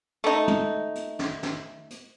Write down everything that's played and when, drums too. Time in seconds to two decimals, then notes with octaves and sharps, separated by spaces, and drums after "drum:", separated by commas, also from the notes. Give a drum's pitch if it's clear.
0.24 A3 D#4
0.48 drum: tom
0.95 drum: hi-hat
1.19 drum: snare
1.43 drum: snare
1.90 drum: hi-hat